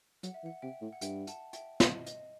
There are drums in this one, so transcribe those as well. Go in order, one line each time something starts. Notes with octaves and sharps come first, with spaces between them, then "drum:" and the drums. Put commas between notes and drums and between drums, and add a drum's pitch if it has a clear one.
F#3 F#5, drum: hi-hat
E5
E3
F#5
C3 E5 G5
A2
F#5
G2 E5 G5, drum: hi-hat
F#5 A5, drum: hi-hat
E5 G5, drum: hi-hat
D#5, drum: snare
D#5, drum: hi-hat